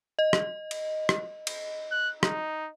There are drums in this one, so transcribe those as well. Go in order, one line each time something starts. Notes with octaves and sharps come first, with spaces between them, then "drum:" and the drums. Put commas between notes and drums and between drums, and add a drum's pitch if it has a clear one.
D#5
drum: rim click
drum: cymbal
drum: rim click
drum: cymbal
F#6
D#4, drum: rim click